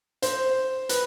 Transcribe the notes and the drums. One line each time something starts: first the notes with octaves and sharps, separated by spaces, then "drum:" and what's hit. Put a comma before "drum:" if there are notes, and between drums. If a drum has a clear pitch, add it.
C5, drum: hi-hat
B4, drum: hi-hat